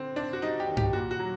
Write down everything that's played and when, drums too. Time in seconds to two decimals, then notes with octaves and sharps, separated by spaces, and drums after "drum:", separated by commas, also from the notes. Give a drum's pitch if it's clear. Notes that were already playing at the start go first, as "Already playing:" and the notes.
Already playing: D3 C4
0.16 C4 D4
0.33 F#4
0.42 G3 D#4
0.60 G4
0.68 D#2
0.77 G4, drum: tom G2
0.93 A#2 F#4
1.11 F#4
1.20 F#3